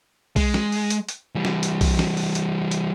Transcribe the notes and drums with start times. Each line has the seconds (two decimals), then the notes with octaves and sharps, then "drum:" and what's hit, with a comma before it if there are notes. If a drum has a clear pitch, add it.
0.36 G#3, drum: kick B1, open hi-hat
0.54 drum: snare
0.72 drum: open hi-hat
0.90 drum: hi-hat
1.09 drum: hi-hat
1.35 E3 G3
1.45 drum: snare
1.63 drum: hi-hat
1.81 drum: kick B1, open hi-hat
1.99 drum: snare
2.17 drum: open hi-hat
2.35 drum: hi-hat
2.71 drum: hi-hat